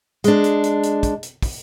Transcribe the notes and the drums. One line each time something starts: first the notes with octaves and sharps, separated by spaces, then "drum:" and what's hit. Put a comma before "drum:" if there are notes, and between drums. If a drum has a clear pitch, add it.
G#3 D4, drum: hi-hat
drum: hi-hat
drum: hi-hat
drum: hi-hat
drum: kick, hi-hat
drum: hi-hat
drum: kick, open hi-hat